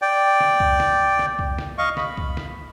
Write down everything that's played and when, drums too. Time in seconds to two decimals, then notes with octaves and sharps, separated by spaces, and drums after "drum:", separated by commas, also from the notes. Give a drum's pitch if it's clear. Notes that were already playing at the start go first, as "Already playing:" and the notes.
0.02 D5 G5
0.40 drum: snare
0.60 drum: kick
0.80 drum: snare
1.19 drum: snare
1.39 drum: kick
1.58 drum: snare
1.78 D#5 F5 C#6
1.97 B5, drum: snare
2.17 drum: kick
2.37 drum: snare